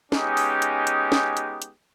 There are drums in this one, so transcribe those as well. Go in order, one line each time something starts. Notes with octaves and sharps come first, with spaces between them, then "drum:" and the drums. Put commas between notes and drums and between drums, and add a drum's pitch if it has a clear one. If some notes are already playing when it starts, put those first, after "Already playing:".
G#3 B3 C#4 D#4 G4, drum: snare
drum: open hi-hat
drum: hi-hat
drum: hi-hat
drum: snare
drum: hi-hat
drum: hi-hat